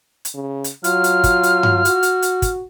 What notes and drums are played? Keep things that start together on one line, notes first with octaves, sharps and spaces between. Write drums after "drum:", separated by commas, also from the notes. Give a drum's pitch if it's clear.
drum: hi-hat
C#3
drum: hi-hat
F#3 F4 F6, drum: hi-hat
drum: hi-hat
drum: kick, hi-hat
drum: hi-hat
drum: tom G2
F#4, drum: hi-hat
drum: hi-hat
drum: hi-hat
drum: kick, hi-hat